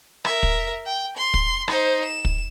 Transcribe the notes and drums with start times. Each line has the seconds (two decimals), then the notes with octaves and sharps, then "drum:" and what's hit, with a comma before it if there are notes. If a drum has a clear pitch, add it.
0.25 A#4 E5, drum: rim click
0.43 drum: kick
0.86 G5
1.17 C6
1.34 drum: kick
1.68 D#4 C5, drum: rim click
2.04 E7
2.25 drum: kick